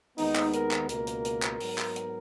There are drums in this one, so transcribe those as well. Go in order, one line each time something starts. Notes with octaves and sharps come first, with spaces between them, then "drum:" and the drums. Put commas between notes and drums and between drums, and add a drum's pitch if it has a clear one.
D#2 D#3 G#3 B3 D#4, drum: open hi-hat
drum: clap
A#4, drum: hi-hat
drum: clap
C#2 B2 A#3 A#4, drum: hi-hat
drum: hi-hat
drum: hi-hat
drum: clap
G#2 F#3 B3, drum: open hi-hat
drum: clap
drum: hi-hat